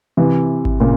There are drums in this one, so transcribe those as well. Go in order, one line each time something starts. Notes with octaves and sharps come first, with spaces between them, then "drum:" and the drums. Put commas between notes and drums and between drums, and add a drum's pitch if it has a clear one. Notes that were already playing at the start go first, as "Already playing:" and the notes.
C3 E3
drum: kick G#1
A#2 C#3